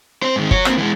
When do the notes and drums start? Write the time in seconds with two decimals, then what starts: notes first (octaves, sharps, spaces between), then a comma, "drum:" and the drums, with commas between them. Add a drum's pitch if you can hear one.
0.22 C4 C5
0.36 G#2 D#3
0.51 F#4 C#5, drum: kick
0.65 A#3 C4, drum: rim click
0.78 E3 G#3